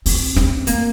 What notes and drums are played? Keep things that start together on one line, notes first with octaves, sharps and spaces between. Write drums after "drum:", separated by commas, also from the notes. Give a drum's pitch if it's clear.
C4, drum: open hi-hat
C4, drum: snare
A#3, drum: hi-hat